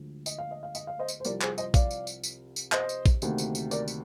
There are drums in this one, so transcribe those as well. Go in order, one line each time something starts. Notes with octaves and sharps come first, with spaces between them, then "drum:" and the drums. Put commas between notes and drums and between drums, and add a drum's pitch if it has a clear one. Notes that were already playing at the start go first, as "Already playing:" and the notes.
Already playing: D2 D3 F3 G#3
D#5, drum: tambourine
F5
D#5
F5
D#5, drum: tambourine
F5
C5 D#5
drum: tambourine
C5
C2 C3 F3 A#4 D5, drum: tambourine
G#4 C5, drum: clap
C5 D#5, drum: tambourine
D5 F5, drum: kick A#1, tambourine
drum: tambourine
drum: tambourine
drum: tambourine
drum: tambourine
C5 D#5, drum: clap
drum: tambourine
drum: kick A#1, tambourine
D2 C3 D#3 A#3, drum: tambourine
drum: tambourine
drum: tambourine
A#4 D5, drum: tambourine
drum: tambourine